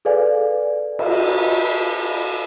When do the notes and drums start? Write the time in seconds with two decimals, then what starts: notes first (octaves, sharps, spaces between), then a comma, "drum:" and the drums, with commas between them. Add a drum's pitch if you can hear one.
0.05 G#4 A4 B4 D5 F5 G#5
0.99 drum: cymbal